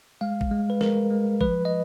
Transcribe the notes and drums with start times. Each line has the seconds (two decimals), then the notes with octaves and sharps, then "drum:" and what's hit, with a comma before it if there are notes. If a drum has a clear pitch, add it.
0.21 G#3 F5
0.41 drum: kick A1
0.51 G#3
0.70 B4
0.81 G#3 A#4, drum: snare
1.10 G#3
1.41 F3 B4, drum: kick A1
1.65 D#5